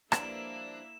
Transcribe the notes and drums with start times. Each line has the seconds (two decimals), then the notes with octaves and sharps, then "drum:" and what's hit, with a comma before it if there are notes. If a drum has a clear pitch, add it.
0.12 F3 G3 A#3 D4 E4 B4 E7, drum: rim click